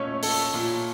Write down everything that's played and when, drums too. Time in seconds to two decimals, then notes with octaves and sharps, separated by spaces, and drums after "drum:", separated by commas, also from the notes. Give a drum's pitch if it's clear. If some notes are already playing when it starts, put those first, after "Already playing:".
Already playing: A#2 A3 C#4 C#5 D#5
0.23 A4, drum: open hi-hat
0.54 A#2